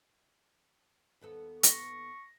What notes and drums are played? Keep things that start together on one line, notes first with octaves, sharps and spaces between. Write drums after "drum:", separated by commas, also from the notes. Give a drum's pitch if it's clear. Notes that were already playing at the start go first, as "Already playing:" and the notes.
D#2 B3 A4
C#6 A#6, drum: hi-hat